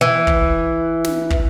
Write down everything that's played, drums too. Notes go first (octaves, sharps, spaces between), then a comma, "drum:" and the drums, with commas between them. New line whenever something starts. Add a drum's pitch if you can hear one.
E3
drum: kick
drum: snare
drum: kick